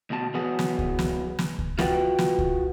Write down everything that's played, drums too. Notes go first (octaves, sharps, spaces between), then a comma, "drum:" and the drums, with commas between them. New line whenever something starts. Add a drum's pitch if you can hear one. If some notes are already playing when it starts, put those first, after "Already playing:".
D2 B2 A5
E2 F#3 B3 G#4
drum: snare
drum: kick C#2
drum: snare
drum: snare
drum: kick C#2
F4 F#4 B4 F#5 G5, drum: snare
drum: snare
drum: kick C#2